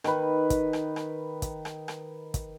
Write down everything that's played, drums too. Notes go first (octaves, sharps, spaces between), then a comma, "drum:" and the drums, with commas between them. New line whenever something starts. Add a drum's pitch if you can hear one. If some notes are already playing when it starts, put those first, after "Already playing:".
D#3 B4, drum: rim click
drum: kick, hi-hat
drum: rim click
drum: rim click
drum: kick, hi-hat
drum: rim click
drum: rim click
drum: kick, hi-hat